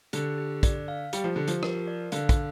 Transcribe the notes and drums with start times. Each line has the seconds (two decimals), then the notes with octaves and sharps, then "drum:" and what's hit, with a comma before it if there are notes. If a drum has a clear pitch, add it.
0.13 D3 G4, drum: hi-hat
0.38 G4
0.63 D5, drum: kick, hi-hat
0.88 F5
1.13 G3 G4, drum: hi-hat
1.24 F3
1.36 D3 G4
1.48 F3, drum: hi-hat
1.63 A#4, drum: rim click
1.88 D5
2.12 D3 F5, drum: hi-hat
2.29 drum: kick, hi-hat